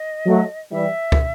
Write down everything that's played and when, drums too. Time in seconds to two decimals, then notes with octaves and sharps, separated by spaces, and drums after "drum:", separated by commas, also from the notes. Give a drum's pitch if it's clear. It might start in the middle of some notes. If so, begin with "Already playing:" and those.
Already playing: D#5
0.26 F#3 A3
0.71 E3 G3 E5
1.12 drum: kick